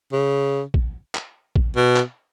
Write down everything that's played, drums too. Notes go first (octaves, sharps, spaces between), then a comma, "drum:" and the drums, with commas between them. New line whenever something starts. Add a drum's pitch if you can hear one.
C#3
drum: kick
drum: clap
drum: kick
B2
drum: clap